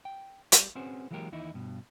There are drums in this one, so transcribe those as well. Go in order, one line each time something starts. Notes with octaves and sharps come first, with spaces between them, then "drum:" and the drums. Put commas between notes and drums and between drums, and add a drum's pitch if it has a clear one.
G5
G3 G4, drum: hi-hat
C4 C#4 F#4 G#4 B4 C5
E3 F#3 G#3 A#3 G4 A#4
D#2 E3 D#4 E4
G2 B2